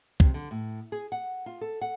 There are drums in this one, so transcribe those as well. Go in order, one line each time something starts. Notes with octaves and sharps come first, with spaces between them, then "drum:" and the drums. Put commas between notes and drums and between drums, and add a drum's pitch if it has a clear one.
C3, drum: kick
D3
A2
G#4
F#5
F4
A4
F#5